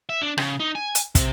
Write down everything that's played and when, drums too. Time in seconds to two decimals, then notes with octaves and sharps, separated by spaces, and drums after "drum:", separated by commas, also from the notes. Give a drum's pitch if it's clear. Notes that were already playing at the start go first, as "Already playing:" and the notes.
0.09 E5
0.22 D4
0.38 C#3, drum: rim click
0.60 D#4
0.75 G#5
0.95 drum: hi-hat
1.15 C3, drum: kick, hi-hat